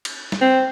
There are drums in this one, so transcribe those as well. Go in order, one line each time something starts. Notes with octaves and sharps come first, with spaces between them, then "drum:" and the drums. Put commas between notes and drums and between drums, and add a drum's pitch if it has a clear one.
drum: cymbal
drum: snare
C4